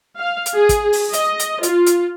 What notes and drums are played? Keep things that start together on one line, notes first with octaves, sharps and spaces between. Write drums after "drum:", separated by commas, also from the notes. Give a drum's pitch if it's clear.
F5
drum: hi-hat
G#4
drum: kick, hi-hat
drum: open hi-hat
D#5, drum: hi-hat
drum: hi-hat
F4, drum: hi-hat
drum: hi-hat